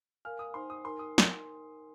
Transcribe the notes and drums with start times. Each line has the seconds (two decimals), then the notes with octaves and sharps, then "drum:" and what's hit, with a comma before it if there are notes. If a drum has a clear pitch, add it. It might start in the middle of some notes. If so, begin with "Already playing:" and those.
0.25 A#4 F5 G#5 F6
0.39 D#6
0.54 D#4 C5 G#5 C6
0.70 D#6
0.84 D#4 A#4 G#5 C6
0.99 D#6
1.18 drum: snare